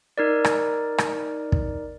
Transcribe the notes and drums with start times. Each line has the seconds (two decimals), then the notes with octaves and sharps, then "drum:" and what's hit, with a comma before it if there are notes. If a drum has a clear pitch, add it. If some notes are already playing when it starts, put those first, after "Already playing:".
0.18 D#4 A#4 D5
0.44 drum: rim click
0.98 drum: rim click
1.52 drum: kick